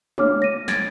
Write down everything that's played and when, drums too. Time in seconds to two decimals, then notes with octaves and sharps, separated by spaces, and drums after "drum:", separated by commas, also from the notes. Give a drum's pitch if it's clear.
0.18 D4 C#5 D6 F6, drum: tom G#3
0.42 A#6 D#7
0.68 G#6 A6 D7, drum: snare